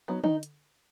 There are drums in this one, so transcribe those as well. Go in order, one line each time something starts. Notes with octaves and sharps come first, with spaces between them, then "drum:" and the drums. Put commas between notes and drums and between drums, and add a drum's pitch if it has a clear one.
F#3 B3 D#4
D#3 D#4, drum: tom
drum: hi-hat